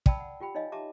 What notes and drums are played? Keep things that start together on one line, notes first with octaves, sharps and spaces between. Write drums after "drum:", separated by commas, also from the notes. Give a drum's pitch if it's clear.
D5 G5 A5 B5 E6, drum: kick
F#5
F4 G4 G5 B5
D#4 C#5 D#5 F5 G#5
G4 E5 A5 A#5 D6